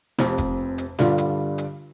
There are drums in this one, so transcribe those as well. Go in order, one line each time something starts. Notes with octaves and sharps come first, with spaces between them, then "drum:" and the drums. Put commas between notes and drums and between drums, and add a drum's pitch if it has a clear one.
F1 F2 C3, drum: snare
drum: kick F1, hi-hat
drum: hi-hat
G2 D3 G3 F4, drum: snare
drum: hi-hat
drum: hi-hat